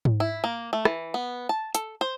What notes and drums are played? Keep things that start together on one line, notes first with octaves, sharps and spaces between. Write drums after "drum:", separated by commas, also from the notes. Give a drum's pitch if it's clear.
drum: tom G#2
E4
A#3
A3
E3, drum: rim click
B3
A5
A4, drum: hi-hat
C5